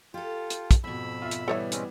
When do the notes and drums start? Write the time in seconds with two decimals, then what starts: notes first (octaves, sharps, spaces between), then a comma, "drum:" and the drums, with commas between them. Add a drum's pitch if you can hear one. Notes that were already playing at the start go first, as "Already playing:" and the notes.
0.14 F4 G4 A4
0.50 drum: hi-hat
0.71 drum: kick, hi-hat
0.84 F2 G#2 B2 B5 E6
1.22 F4 E5
1.31 drum: hi-hat
1.48 E3 G3 B3 A4 C#5 E5
1.72 G#3 C4 C#4, drum: hi-hat